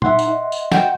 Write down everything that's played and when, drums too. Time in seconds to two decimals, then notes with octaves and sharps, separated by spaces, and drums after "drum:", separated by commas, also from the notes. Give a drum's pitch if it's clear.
0.02 D#4 E5 F#5 C6, drum: tom A#2
0.19 drum: tambourine
0.29 D#5
0.52 drum: tambourine
0.72 F#4 G5, drum: snare